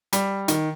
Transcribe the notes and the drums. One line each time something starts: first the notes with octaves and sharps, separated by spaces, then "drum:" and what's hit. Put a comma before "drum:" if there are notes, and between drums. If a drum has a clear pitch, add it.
G3, drum: hi-hat
D#3, drum: hi-hat